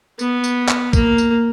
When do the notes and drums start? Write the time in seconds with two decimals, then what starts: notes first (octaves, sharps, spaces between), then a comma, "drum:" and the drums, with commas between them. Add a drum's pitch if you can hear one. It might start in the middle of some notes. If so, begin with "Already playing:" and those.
0.19 B3, drum: tambourine
0.44 drum: tambourine
0.69 drum: clap
0.93 A#3, drum: kick, tambourine
1.18 drum: tambourine